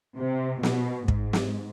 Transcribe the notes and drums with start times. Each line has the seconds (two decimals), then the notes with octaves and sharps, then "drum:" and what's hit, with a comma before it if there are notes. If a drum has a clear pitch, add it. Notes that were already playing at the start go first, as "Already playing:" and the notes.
0.18 C3
0.63 B2, drum: snare
1.08 G#2, drum: kick
1.33 drum: snare